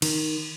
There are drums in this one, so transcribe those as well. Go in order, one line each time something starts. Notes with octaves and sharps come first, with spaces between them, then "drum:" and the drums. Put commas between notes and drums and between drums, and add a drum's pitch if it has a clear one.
D#3, drum: cymbal